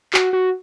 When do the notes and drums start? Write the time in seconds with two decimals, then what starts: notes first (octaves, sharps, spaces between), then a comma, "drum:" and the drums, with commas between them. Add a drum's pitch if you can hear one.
0.14 F#4, drum: clap
0.33 F#4